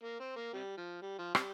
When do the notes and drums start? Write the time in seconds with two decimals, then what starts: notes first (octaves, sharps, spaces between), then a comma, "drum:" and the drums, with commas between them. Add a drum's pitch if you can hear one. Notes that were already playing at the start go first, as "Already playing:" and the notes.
0.03 A#3
0.20 C4
0.36 A#3
0.53 C3 G3
0.77 F3
1.02 G3
1.19 F3
1.35 C3 G3, drum: rim click